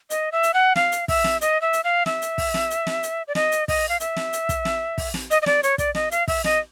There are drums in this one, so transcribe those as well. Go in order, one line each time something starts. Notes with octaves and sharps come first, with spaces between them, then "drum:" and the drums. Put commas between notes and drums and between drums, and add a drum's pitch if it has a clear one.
D#5, drum: hi-hat
E5
drum: hi-hat
F#5
F5, drum: snare
drum: hi-hat
E5, drum: kick, open hi-hat
drum: snare
D#5, drum: hi-hat
E5
drum: hi-hat
F5
E5, drum: snare
drum: hi-hat
drum: kick, open hi-hat
drum: snare
drum: hi-hat
drum: snare
drum: hi-hat
D5
D#5, drum: snare
drum: hi-hat
D#5, drum: kick, open hi-hat
F5
E5, drum: hi-hat
drum: snare
drum: hi-hat
drum: kick, hi-hat
drum: snare
drum: kick, open hi-hat
drum: snare
D#5, drum: hi-hat
D#5
D5, drum: snare
C#5, drum: hi-hat
D5, drum: kick, hi-hat
D#5, drum: snare
F5, drum: hi-hat
E5, drum: kick, open hi-hat
D#5, drum: snare